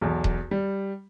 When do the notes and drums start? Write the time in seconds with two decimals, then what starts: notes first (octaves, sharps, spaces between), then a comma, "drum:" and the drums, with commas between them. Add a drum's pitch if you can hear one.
0.01 B1 E2
0.24 drum: kick D#1
0.51 G3